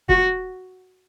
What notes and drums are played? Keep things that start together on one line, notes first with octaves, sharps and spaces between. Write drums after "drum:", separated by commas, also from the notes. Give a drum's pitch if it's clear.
F#4, drum: kick